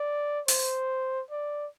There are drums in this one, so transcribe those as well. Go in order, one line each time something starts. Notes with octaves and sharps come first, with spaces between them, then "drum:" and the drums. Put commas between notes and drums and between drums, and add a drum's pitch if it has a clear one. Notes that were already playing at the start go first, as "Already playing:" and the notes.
Already playing: D5
C5, drum: open hi-hat
D5